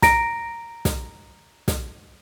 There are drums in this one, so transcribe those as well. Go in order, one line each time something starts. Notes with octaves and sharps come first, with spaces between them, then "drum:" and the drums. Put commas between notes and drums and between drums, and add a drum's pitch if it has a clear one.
A#5 A#6 D7, drum: snare
drum: snare
drum: snare